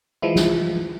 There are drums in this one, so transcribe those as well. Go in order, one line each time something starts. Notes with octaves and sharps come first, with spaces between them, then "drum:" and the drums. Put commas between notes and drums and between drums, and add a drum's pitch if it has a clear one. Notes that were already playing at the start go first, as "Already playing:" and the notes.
E3 F3 G#3 E4
drum: snare